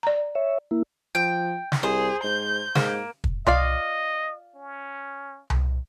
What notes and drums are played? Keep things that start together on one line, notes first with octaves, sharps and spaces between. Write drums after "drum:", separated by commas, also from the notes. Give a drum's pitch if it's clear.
D5 A#5
C#5 E5
A#3 E4
F3 G5
drum: snare
C2 G#4 C5
G#2 G6
G#2 A#3, drum: snare
drum: kick
F4 D5 D#5 F5, drum: tom C2
C#4
drum: tom C2